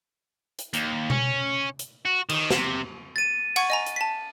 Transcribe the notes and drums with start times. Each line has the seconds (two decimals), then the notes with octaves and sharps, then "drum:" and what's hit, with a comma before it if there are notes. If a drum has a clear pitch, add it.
0.59 drum: hi-hat
0.73 D#2, drum: hi-hat
1.10 C#4, drum: tom B2
1.79 drum: hi-hat
2.06 F#4
2.29 D#3, drum: cymbal
2.50 C3, drum: snare
3.16 A6 D#7
3.56 F#5 C#6 G#6, drum: cymbal
3.70 D#5 G#5 A#5
3.86 drum: hi-hat
3.96 A5 B6